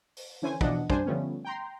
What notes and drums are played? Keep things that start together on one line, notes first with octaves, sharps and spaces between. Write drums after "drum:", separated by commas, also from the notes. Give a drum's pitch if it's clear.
drum: open hi-hat
D3 E3 C#4 C5 G#5
B2 E3 F3 D4 D#5 F#5, drum: kick
F#2 G3 D4 C5 G#5, drum: kick
D3 F3 G3 A3 B3 C#4
G5 A#5 C6